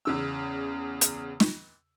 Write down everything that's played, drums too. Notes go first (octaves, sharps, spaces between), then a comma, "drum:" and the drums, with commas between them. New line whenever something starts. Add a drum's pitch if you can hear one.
E2 C#3 E6
drum: hi-hat
drum: snare